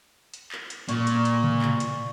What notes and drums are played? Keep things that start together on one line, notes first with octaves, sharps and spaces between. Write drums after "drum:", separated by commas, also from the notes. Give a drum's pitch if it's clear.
drum: hi-hat
drum: clap
drum: hi-hat
A#2 D5 C#6, drum: hi-hat
drum: hi-hat
drum: hi-hat
drum: tom C3
drum: clap
drum: hi-hat